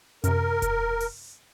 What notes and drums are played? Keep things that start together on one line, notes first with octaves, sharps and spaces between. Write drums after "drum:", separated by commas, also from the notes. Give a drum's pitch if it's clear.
F#2 C3 A#4, drum: hi-hat
drum: kick E1, hi-hat
drum: open hi-hat